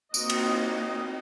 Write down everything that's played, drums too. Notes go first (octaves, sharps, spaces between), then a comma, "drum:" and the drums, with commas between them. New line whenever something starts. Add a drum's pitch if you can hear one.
A#3 C4 D#4 F#4 D#5, drum: tambourine
drum: cymbal